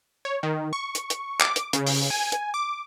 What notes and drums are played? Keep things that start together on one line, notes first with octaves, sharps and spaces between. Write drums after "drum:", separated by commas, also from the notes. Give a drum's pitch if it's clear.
C#5
D#3
C#6
drum: hi-hat
drum: hi-hat
D6, drum: clap
drum: hi-hat
C#3, drum: hi-hat
drum: open hi-hat
G#5
drum: hi-hat
D6